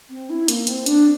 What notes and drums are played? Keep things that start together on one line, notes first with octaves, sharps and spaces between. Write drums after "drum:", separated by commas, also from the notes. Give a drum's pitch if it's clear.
C4
E4
A#3, drum: hi-hat
C4, drum: hi-hat
D4, drum: hi-hat